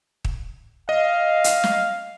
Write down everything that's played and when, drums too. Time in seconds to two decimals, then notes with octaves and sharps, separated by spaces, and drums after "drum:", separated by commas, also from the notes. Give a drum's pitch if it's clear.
0.25 drum: kick
0.89 D#5 F5
1.44 drum: hi-hat
1.64 drum: snare